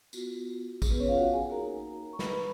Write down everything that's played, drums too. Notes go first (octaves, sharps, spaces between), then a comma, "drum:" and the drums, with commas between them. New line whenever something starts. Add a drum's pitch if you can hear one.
B3 F4 F#4, drum: tambourine
G#4, drum: kick A1, tambourine
B3 B4
C#4 C#5
F4 F5
F#4 F#5
G#4 G#5
A#3 D#4 F#4 A#4 A#5
C#6
B4 B5, drum: snare